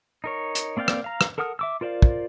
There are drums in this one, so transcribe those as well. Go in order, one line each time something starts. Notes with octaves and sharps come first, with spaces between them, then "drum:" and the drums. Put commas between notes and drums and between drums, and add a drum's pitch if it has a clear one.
D#4 A#4 C#5
drum: hi-hat
A#3 C4 D5 F5 G5
drum: rim click
F5 A#5
drum: rim click
A4 A#4 F#5 D#6 F6
E5 D6 E6
F4 A#4 C5 D5 F5
drum: kick